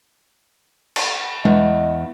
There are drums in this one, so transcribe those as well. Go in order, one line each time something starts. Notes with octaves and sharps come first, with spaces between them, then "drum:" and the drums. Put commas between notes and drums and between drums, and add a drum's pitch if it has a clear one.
drum: cymbal
E2 D#5, drum: tom G#3